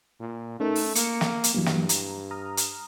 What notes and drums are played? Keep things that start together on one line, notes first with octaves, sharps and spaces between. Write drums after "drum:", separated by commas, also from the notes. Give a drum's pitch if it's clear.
A#2
A3 C#4 D#4 A#4
drum: open hi-hat
A#3 C#7, drum: hi-hat
drum: snare
drum: hi-hat
G2 E3 F#3 A#3
drum: snare
A#5, drum: hi-hat
A#5 D#6 F6
drum: hi-hat